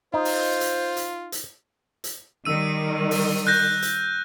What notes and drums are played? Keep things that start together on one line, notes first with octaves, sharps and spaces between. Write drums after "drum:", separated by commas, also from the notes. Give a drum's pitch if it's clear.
D#4 F4 C5
drum: open hi-hat
drum: hi-hat
drum: hi-hat
drum: hi-hat
drum: hi-hat
D#3 G3 E6 D#7
drum: open hi-hat
F#6 G6 A#6
drum: hi-hat